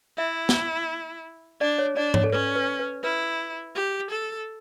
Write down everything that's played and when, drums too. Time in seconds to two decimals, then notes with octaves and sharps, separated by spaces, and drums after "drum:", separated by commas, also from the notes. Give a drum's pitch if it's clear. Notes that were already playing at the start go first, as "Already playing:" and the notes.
0.18 E4 E5
0.49 drum: snare
1.61 D4 D5
1.79 C#5
1.97 D4 D5
2.14 C#5, drum: tom G#2
2.24 A4
2.32 C#4 B4
2.56 B4
2.79 B4
3.03 E4 B4
3.75 G4
4.11 A4